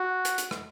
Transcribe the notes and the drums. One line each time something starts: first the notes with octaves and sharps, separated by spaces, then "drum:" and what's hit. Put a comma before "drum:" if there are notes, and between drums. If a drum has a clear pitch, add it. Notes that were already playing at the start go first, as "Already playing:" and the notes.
Already playing: F#4
drum: hi-hat
drum: hi-hat
drum: rim click